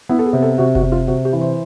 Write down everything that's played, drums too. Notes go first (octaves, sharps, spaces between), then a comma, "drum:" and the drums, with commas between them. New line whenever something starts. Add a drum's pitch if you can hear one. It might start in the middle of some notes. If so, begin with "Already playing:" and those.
B3 E4
A4
G#4
C3
A4
C3 F#4
F#4, drum: kick F#1
C3
F4
C3 F#4
G4
E3
C5